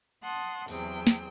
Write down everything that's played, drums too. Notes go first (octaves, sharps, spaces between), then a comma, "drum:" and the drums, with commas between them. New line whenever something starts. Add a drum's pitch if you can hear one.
F#5 A5 C6 D#6
E2 C3 F#3 G#4 G5 E6, drum: open hi-hat
drum: snare